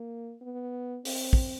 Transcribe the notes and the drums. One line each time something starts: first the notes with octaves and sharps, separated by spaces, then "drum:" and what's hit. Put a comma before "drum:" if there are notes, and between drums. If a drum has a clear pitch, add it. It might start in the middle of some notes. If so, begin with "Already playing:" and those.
Already playing: A#3
B3
C4, drum: open hi-hat
drum: kick